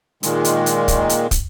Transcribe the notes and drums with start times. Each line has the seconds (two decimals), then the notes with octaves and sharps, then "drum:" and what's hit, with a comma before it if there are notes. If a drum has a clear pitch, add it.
0.23 A#2 D#3 G#3, drum: hi-hat
0.45 drum: hi-hat
0.66 drum: hi-hat
0.88 drum: kick, hi-hat
1.09 drum: hi-hat
1.31 drum: kick, hi-hat